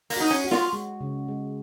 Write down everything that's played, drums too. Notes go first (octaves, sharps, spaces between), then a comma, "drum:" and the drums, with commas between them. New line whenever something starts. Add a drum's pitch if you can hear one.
A#3, drum: open hi-hat
D#4 F#4
C#4
F#4
F4, drum: snare
G#3
C#3
G#3